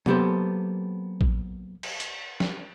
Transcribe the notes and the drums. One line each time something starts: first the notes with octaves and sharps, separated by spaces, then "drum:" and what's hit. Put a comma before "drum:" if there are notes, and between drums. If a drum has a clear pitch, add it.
F#3 A#3 B3 G4 A4 C5, drum: tom C3
drum: kick A#1
drum: cymbal
drum: hi-hat
drum: snare